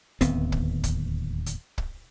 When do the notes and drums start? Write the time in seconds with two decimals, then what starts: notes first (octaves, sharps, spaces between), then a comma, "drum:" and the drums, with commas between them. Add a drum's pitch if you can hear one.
0.21 D1 D#2 B3 C4, drum: hi-hat
0.52 drum: kick
0.84 drum: kick, hi-hat
1.46 drum: hi-hat
1.78 drum: kick